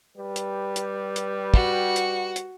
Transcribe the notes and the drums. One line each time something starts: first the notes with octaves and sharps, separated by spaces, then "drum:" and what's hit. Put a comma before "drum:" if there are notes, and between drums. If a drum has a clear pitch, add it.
G3 G4 B4
drum: hi-hat
drum: hi-hat
drum: hi-hat
F#4, drum: kick
drum: hi-hat
drum: hi-hat